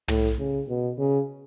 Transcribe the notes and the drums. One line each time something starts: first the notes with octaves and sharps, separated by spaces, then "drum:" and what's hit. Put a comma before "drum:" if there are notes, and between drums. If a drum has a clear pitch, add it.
A2, drum: tom
C#3
B2
C#3